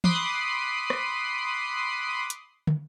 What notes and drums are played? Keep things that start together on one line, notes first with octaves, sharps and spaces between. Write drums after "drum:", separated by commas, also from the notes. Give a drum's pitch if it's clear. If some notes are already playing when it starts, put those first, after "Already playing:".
B5 C6 D6 D#6 F#6 C7, drum: tom E3
drum: rim click
drum: hi-hat
drum: tom